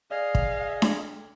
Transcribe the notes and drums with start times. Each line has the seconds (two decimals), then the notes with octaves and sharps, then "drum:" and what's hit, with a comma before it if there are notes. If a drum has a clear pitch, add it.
0.11 G#4 D5 D#5 F5
0.35 drum: kick
0.82 drum: snare D4